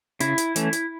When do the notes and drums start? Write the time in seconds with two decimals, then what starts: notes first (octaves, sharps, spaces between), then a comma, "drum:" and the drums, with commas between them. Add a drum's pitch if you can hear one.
0.20 C#3 E4, drum: hi-hat
0.38 drum: hi-hat
0.56 E3 A3 C#4, drum: hi-hat
0.73 drum: hi-hat